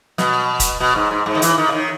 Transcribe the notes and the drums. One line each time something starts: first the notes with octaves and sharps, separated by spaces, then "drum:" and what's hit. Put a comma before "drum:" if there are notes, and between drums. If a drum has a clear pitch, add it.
B2, drum: snare
drum: kick, hi-hat
B2
G#2
G#2
G#2
D#3
E3, drum: hi-hat
D#3
C#3
D#3